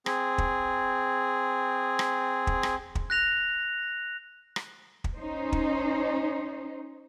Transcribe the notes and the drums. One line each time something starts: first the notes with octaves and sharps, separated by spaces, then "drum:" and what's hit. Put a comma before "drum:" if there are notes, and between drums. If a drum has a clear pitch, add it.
C4 G#4, drum: rim click
drum: kick
drum: rim click
drum: kick
drum: rim click
drum: kick
F#6 A#6 F7
drum: rim click
drum: kick
C#4 D#4 C5
drum: kick